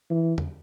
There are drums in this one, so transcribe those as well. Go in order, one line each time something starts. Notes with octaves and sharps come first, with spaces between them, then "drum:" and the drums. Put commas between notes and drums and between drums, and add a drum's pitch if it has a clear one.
E3
drum: tom